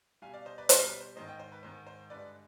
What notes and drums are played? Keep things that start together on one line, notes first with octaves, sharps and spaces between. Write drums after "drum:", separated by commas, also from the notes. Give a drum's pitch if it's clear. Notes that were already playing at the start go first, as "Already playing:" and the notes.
B2 G3 F5 G#5
D5 F5
C5 D#5
B4 D5
B2 G3 B4, drum: hi-hat
B4
C5
G#2 D#3 G#3 C5 D#5
D#5 G5
C5
B4
G#2 D#3 G#3 C5
C5
G2 D3 G#3 B4 D5